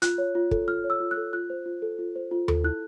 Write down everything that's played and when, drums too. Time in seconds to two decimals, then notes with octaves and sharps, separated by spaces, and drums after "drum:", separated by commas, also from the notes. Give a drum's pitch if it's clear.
0.02 F4 F#6, drum: hi-hat
0.18 C#5
0.35 F4
0.51 A4, drum: kick
0.67 F4 F6
0.84 C#5
0.90 E6
1.00 F4
1.11 F#6
1.17 A4
1.33 F4 F#6
1.50 C5
1.66 F4
1.82 A4
1.99 F4
2.16 C5
2.31 F4
2.48 A4, drum: tom D#2
2.64 E4 F#6